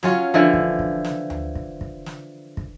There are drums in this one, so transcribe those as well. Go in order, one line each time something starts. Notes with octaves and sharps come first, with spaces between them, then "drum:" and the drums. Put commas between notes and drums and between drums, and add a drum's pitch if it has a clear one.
F#3 C#4 F4, drum: snare
D3 E3 F3
drum: kick
drum: kick
drum: snare
drum: tom D2
drum: kick
drum: kick
drum: snare
drum: kick